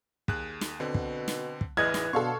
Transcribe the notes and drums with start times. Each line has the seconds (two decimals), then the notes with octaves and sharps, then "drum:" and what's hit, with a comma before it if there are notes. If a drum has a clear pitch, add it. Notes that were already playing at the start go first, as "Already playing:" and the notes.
0.28 D#2 G#4 F#6, drum: kick
0.61 drum: snare
0.80 B2 D3 C4
0.95 drum: kick
1.28 drum: snare
1.61 drum: kick
1.77 A1 E2 E3 D#5 F6 F#6 G#6
1.94 drum: snare
2.13 B2 D3 A4 F5 C6 C#6 G#6